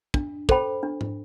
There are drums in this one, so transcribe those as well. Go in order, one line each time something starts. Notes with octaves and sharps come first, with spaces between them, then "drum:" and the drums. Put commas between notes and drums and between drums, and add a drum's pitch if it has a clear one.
D4, drum: kick
A4 C5 G5 B5, drum: kick
D4
drum: tom G#2